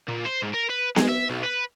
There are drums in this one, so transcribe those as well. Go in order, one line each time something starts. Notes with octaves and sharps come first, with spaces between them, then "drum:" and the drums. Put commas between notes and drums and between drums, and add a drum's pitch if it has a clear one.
A#2
C5
G#2
A#4
B4
G#3, drum: snare B3
E5
B1
B4